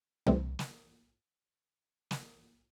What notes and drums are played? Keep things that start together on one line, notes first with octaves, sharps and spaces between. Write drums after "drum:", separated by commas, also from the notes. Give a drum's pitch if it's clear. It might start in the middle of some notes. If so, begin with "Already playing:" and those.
C3 E3 G3 A3 C4, drum: tom C2
drum: snare
drum: snare